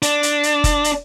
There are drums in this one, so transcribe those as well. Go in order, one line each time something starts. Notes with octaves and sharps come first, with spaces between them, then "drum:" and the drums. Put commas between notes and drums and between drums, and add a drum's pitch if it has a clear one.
D4, drum: hi-hat
drum: hi-hat
drum: hi-hat
drum: kick F#1, hi-hat
drum: hi-hat